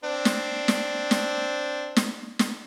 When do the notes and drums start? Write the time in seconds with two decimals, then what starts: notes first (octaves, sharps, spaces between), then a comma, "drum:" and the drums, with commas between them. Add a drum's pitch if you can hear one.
0.04 C4 D4
0.25 drum: snare
0.68 drum: snare
1.11 drum: snare
1.96 drum: snare
2.39 drum: snare